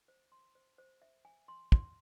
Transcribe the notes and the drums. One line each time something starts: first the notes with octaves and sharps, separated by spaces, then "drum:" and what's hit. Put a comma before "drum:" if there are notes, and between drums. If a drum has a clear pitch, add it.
C5
C6
C5
C5
E5
G#5
C6
C6, drum: kick